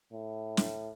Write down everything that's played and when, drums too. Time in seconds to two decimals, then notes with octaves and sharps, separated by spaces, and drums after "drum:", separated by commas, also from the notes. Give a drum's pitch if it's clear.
0.13 A2
0.57 drum: snare